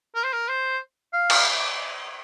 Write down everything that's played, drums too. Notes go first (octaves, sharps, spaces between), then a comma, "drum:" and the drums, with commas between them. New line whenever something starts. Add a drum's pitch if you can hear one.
A#4
C5
A#4
C5
F5
drum: cymbal